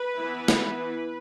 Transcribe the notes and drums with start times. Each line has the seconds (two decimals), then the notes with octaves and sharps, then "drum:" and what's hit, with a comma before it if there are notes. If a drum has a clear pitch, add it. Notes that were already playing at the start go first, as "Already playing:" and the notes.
Already playing: B4
0.17 E3 B3 E4
0.48 drum: snare